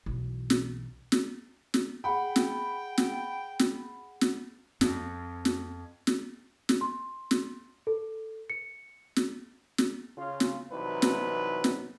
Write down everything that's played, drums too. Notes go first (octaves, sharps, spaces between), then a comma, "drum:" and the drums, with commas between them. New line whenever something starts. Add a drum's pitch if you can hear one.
B1 E3
drum: snare
drum: snare
drum: snare
G#4 F#5 G5 B5
drum: snare
drum: snare
drum: snare
drum: snare
F2, drum: snare
drum: snare
drum: snare
drum: snare
C6
drum: snare
A4
C#7
drum: snare
drum: snare
C#3 F4
drum: snare
C2 E3 F#3 D#4 B4
drum: snare
drum: snare